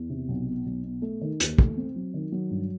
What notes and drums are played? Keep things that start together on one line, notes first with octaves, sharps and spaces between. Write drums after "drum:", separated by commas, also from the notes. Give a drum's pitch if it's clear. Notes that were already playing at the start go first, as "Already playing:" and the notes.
Already playing: E2
C3
B1
B2
B1
B2
A3
D#3
D#2, drum: hi-hat
A3, drum: kick
C4
F#3
D#3
F#3
G2